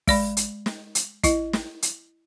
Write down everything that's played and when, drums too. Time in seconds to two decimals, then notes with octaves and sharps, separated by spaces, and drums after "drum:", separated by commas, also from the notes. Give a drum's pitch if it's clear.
0.07 G#3 D5 B5, drum: kick, open hi-hat
0.37 drum: hi-hat
0.66 drum: snare
0.95 drum: hi-hat
1.24 E4 D#5, drum: kick, hi-hat
1.53 drum: snare
1.82 drum: hi-hat